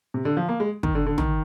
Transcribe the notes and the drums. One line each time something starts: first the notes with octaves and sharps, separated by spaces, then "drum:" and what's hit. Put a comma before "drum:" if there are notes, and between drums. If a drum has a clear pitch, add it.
C3
D3
F3
A#3
G#3
D#3, drum: kick
D3
D3
D#3, drum: tom